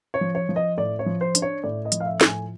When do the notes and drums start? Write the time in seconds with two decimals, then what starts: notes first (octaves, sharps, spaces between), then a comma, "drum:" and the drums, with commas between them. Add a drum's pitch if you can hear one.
0.14 C#5
0.21 F3
0.35 C#5
0.49 F3
0.56 D#5
0.78 A2 D5
0.99 C#5
1.06 F3
1.21 C5
1.35 D4, drum: hi-hat
1.42 C#5
1.63 A2 D5
1.85 D#5
1.92 F3, drum: hi-hat
2.00 F5
2.06 E5
2.21 A2, drum: snare
2.27 G#5